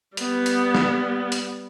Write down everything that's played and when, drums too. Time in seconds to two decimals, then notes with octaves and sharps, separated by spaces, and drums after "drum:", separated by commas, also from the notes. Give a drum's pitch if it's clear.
0.17 G3 B3, drum: hi-hat
0.46 drum: hi-hat
0.75 drum: snare
1.32 drum: hi-hat